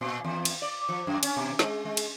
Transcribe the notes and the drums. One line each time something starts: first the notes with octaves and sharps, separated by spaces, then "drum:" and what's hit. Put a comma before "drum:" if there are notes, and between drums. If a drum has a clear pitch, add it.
A#2
E2
drum: cymbal
D5
F3
F#2
C#4, drum: cymbal
B2
G#3, drum: snare
G#3
drum: cymbal